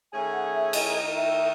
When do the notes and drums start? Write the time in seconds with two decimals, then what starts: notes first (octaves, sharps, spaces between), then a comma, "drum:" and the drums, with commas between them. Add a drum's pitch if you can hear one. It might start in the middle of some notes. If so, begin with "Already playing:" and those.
0.12 D#3 A3 C#4 G#4 G#5
0.32 F#5
0.53 E5
0.73 D#5, drum: cymbal
0.93 D#3 A3 D#4 D#5
1.14 E5